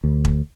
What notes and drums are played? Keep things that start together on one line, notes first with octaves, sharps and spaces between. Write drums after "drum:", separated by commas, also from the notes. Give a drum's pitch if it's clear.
D2
drum: kick E1